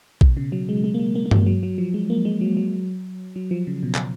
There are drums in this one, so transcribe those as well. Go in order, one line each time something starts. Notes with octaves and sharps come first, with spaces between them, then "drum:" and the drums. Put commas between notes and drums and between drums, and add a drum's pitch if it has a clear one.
B2, drum: kick A#1
C#3
F#3
G#3
G#3
A#3
G#3
A#3
A#3
G#3, drum: tom G2
F#3
F#3
F3
G#3
A#3
G#3
F#3
F#3
F#3
F3
C#3
B2
drum: clap